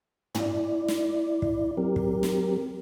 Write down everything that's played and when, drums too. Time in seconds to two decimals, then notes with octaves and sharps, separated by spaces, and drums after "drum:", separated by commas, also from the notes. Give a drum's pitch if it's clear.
0.35 E4 D5, drum: tom
0.88 drum: snare
1.42 drum: kick
1.77 F#3 C4 G4 A#4
1.96 drum: kick
2.23 drum: snare